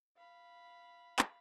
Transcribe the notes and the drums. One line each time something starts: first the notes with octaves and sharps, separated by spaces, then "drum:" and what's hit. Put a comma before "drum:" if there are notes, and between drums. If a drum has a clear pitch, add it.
F5 B5
drum: clap